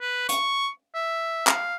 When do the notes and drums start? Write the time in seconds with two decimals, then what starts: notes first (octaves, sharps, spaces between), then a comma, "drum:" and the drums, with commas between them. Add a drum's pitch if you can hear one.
0.01 B4
0.29 C#6, drum: hi-hat
0.94 E5
1.47 F5, drum: clap